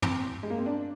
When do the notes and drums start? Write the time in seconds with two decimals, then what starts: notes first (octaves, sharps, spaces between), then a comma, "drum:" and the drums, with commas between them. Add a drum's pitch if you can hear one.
0.02 C4, drum: tom
0.43 G#3
0.50 A#3
0.58 C4
0.66 D4